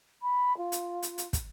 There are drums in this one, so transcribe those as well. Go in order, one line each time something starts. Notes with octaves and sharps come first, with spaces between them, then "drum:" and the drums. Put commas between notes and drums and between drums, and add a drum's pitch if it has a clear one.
B5
F4
drum: hi-hat
drum: hi-hat
drum: hi-hat
drum: kick, hi-hat